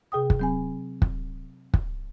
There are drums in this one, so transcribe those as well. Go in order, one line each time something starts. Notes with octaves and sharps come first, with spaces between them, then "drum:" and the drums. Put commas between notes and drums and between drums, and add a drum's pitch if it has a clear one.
C3 G#4 G5 D#6
drum: kick
F#3 C4 G#5
drum: kick
drum: kick